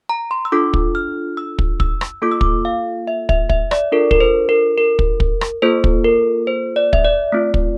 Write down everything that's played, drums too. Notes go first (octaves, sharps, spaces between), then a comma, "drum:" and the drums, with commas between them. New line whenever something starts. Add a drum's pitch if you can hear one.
A#5
C6
E6
D4 F4 A4 D6
drum: kick
F6
E6
drum: kick
E6, drum: kick
drum: rim click
A#3 F4 A4 D6
E6
D6, drum: kick
F5
E5
E5, drum: kick
E5, drum: kick
D5, drum: rim click
D4 F4 A4 A#4
A#4, drum: kick
C5
A#4
A#4
drum: kick
drum: kick
drum: rim click
A#3 F4 A4 C5
drum: kick
A#4
C5
D5
E5, drum: kick
D5
A3 C4 F4
drum: kick